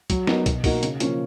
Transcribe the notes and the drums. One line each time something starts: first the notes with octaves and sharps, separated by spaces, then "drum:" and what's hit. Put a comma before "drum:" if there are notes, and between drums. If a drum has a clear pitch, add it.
F#3, drum: kick, hi-hat
B3 D#4 A#4, drum: snare
B2, drum: kick, hi-hat
A#3 D#4 F#4 A#4, drum: kick, open hi-hat
C#3, drum: hi-hat
F3 A#3 C#4, drum: hi-hat